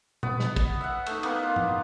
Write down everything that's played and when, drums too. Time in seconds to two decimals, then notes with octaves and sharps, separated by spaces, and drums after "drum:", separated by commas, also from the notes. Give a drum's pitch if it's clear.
0.23 B3, drum: tom
0.40 drum: snare
0.56 drum: kick, cymbal
0.81 E5 F#5
1.06 A3 D#4, drum: cymbal
1.23 A#3 B3 B4, drum: cymbal
1.43 F4
1.56 drum: tom G#2